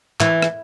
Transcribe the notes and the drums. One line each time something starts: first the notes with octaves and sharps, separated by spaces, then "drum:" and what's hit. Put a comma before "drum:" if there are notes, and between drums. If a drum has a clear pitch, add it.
E3, drum: clap
drum: rim click